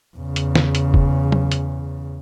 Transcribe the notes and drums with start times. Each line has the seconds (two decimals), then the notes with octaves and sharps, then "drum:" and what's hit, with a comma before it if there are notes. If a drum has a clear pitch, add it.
0.17 E2 C#3
0.36 drum: hi-hat
0.55 drum: snare
0.75 drum: hi-hat
0.94 drum: kick F#1
1.32 drum: tom
1.52 drum: hi-hat